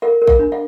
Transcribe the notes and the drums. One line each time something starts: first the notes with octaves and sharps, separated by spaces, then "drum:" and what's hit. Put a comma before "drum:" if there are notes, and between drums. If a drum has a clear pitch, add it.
A#4 F5
A#4
F5, drum: kick G#1
D4
F5